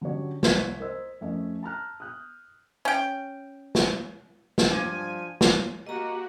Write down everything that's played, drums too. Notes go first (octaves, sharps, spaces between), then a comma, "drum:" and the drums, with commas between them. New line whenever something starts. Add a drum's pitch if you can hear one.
D3 F#3 C#4 G4 C#5
C2 E4 C#5 E5 G#6 B6, drum: snare
A#4 C5 D#5 E6
F2 A3 C#4 E4 A#4 D#5
A5 A#5 F6 F#6
D#6 F#6 G6
C#4 G5
drum: snare
drum: snare
G2 F3 G#5
drum: snare
A#3 F#4 G4 D#5 A#5